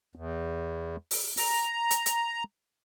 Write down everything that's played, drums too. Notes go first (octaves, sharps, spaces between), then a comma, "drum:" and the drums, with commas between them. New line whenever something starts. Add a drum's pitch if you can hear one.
E2
drum: open hi-hat
A#5, drum: open hi-hat
drum: hi-hat
drum: hi-hat